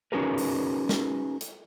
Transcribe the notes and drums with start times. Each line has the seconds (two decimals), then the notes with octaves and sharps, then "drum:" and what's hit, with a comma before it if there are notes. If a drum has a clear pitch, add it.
0.12 C#4 D#4 F#4 G#4 A#4 B4
0.38 drum: open hi-hat
0.89 drum: snare
1.41 drum: hi-hat